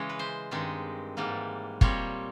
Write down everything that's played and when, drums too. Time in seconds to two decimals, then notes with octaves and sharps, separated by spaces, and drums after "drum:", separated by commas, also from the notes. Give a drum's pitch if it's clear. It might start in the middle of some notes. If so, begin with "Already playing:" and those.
Already playing: C#3 E3 G#3 C#5
0.09 B4
0.19 C5
0.51 G2 D#3 G#3 C4
1.17 G#2 E3 G3 A#3
1.81 A#2 G3 C4 C#5, drum: kick